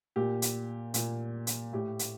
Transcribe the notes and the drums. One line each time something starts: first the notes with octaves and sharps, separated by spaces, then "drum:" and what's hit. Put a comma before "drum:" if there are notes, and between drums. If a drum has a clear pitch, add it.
A#2 G4
drum: hi-hat
A#2, drum: hi-hat
drum: hi-hat
A2 G4
drum: hi-hat